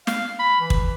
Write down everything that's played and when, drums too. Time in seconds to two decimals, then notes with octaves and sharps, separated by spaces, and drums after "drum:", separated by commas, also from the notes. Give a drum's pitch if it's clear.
0.07 F5, drum: snare
0.40 B5
0.61 E3
0.70 drum: kick